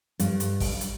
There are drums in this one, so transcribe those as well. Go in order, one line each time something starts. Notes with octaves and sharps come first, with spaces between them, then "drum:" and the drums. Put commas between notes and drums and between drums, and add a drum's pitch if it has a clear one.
G2, drum: hi-hat
drum: hi-hat
drum: kick, open hi-hat
drum: hi-hat